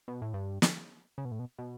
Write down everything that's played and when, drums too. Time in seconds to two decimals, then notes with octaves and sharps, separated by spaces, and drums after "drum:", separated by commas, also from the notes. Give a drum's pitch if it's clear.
0.08 B2
0.22 A2
0.34 G2
0.62 drum: snare
1.18 C#3
1.25 B2
1.31 A2
1.39 B2
1.58 B2